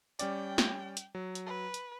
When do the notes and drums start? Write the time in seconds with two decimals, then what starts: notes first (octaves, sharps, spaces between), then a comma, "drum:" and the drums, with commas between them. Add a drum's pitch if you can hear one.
0.19 G3 C#4 D5 G5, drum: hi-hat
0.58 drum: snare
0.97 drum: hi-hat
1.15 F#3
1.35 drum: hi-hat
1.46 B4
1.74 drum: hi-hat